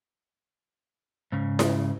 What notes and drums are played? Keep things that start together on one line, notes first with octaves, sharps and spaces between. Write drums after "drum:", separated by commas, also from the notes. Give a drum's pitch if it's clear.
G#2 C#3
drum: snare E4